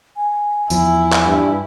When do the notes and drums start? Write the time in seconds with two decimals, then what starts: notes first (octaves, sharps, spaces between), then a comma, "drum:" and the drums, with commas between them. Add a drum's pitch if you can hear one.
0.16 G#5
0.70 E2 F3 E4, drum: tambourine
1.12 drum: clap
1.26 G2